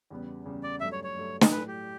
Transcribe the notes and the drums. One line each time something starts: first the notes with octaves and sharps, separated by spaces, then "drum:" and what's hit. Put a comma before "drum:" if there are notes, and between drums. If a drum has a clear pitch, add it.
E2 C#3 G3 B3
E2 C#3 G3 B3
D5
G2 F#3 A3 E5
C#5
C#5
G2 F#3 A3
drum: snare
A2 F#3 A3 B4
G4